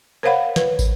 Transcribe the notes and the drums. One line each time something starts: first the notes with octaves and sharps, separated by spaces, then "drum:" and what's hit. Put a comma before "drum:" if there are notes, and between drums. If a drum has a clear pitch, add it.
A#4 C5 C#5 F5 F#5 B5
B4, drum: snare
drum: kick, tambourine